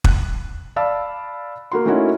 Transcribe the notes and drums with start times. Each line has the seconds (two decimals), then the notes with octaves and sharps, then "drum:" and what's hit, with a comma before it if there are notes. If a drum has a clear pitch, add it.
0.04 F#6, drum: kick
0.76 D5 F5 A5 B5 E6
1.72 A#3 F#4 C6
1.85 A3 A#3 C#4 D#4 E4 F#4